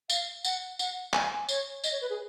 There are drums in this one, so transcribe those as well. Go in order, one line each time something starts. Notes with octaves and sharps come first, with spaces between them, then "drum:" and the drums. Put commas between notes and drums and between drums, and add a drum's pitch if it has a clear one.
F5, drum: tambourine
F#5, drum: tambourine
F#5, drum: tambourine
G#5, drum: clap
C#5, drum: tambourine
D#5, drum: tambourine
C#5
B4
G#4